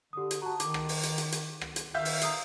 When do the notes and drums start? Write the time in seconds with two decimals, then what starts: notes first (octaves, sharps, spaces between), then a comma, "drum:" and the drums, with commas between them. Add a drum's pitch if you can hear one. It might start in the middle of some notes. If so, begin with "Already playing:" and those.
0.13 D3 G4 D#6
0.31 drum: hi-hat
0.42 F#4 A5 A#5
0.60 D#3 D6, drum: hi-hat
0.74 drum: rim click
0.89 drum: open hi-hat
1.03 drum: hi-hat
1.18 drum: hi-hat
1.32 drum: hi-hat
1.61 drum: rim click
1.76 drum: hi-hat
1.94 D#3 E5 F5 G6
2.05 drum: open hi-hat
2.21 A#5 D#6 C7, drum: hi-hat